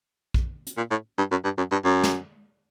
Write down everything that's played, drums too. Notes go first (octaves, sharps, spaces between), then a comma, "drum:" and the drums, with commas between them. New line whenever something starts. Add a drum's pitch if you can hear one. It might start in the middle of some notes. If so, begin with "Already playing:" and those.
drum: kick A#1
drum: hi-hat
A#2
A2
G2
F#2
G2
F#2
G2
F#2
drum: snare